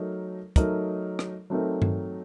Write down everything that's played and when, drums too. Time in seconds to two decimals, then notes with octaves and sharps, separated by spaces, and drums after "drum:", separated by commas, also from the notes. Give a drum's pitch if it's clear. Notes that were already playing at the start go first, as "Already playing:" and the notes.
Already playing: F#3 A3 D#4 A#4 D#5
0.56 F#3 A3 D#4 A#4 D#5, drum: kick, hi-hat
1.19 drum: rim click
1.50 F#3 A3 C4 D#4 A#4
1.82 drum: tom G2